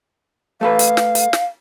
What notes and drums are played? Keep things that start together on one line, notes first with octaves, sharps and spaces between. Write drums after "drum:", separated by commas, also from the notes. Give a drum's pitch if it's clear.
A3 A4 B4 F5
drum: hi-hat
drum: snare
drum: hi-hat
drum: snare